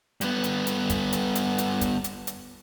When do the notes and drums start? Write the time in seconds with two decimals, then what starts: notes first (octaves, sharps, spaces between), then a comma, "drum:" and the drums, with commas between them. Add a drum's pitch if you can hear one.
0.21 G2 B3, drum: hi-hat
0.44 drum: hi-hat
0.67 drum: hi-hat
0.90 drum: kick, hi-hat
1.13 drum: hi-hat
1.35 drum: hi-hat
1.58 drum: hi-hat
1.81 drum: kick, hi-hat
2.04 drum: hi-hat
2.27 drum: hi-hat